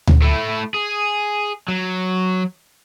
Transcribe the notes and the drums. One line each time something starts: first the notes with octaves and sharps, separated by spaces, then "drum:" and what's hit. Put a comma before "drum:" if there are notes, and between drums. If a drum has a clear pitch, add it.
drum: tom D2
A3 E4
G#4
F#3